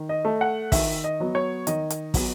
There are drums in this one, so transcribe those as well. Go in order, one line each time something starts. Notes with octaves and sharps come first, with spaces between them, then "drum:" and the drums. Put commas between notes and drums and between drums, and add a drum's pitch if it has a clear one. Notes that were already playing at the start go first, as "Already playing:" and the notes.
Already playing: D#3
D#5
A3
F#5
D#3 E5, drum: kick, open hi-hat
D#5
F#3 B3
C#5
D#3 D#5, drum: hi-hat
drum: hi-hat
F#3 B3, drum: kick, open hi-hat